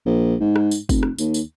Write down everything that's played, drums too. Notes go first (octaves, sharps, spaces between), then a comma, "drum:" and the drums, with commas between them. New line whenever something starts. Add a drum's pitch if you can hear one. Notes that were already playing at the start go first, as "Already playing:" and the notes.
A#1
G#2
drum: rim click
drum: tambourine
F1, drum: kick, tambourine
drum: rim click
D#2, drum: tambourine
drum: tambourine